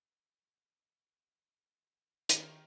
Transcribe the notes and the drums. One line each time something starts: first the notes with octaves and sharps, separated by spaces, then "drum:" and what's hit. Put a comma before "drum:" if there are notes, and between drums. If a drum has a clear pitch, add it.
D#3, drum: hi-hat